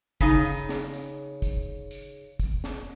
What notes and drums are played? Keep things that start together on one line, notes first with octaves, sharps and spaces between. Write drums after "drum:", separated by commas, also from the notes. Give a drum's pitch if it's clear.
C#3 D#4, drum: kick
drum: tambourine
drum: snare
drum: tambourine
drum: kick, tambourine
drum: tambourine
drum: kick, tambourine
drum: snare